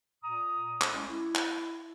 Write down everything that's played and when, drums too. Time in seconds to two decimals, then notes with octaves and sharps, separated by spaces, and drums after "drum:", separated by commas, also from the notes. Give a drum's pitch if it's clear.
0.23 A#2 A#5 D#6
0.81 drum: clap
0.94 C2 G#3 C#4
1.08 E4
1.35 drum: clap